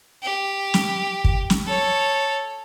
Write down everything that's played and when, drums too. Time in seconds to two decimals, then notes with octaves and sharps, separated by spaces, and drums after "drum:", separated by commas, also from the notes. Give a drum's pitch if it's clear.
0.23 G4
0.74 drum: snare
1.24 drum: kick
1.50 drum: snare
1.67 A4 C#5